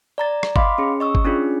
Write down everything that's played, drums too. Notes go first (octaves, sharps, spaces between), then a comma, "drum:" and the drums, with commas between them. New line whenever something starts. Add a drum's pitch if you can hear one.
D5 A#5 A6
drum: rim click
D#5 F5 B5 C6 D6, drum: kick G1
C#4 G#4
D#5 C#6 E6
drum: kick G1
C#4 D4 F4 G#4